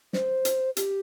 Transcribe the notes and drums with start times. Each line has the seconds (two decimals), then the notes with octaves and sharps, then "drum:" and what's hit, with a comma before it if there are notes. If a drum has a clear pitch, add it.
0.13 C5, drum: snare
0.45 drum: hi-hat
0.77 G4, drum: hi-hat